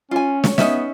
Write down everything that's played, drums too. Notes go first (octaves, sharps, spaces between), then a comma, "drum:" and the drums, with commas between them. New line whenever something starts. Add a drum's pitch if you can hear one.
C#4 F4 G#5
C#5, drum: snare
B3 C#4 D#4 E5, drum: snare